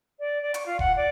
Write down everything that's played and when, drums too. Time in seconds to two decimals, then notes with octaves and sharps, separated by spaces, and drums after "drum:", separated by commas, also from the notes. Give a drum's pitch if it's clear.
0.19 D5
0.41 D5
0.54 C#6, drum: hi-hat
0.66 F4
0.79 F#5, drum: kick E1
0.96 D5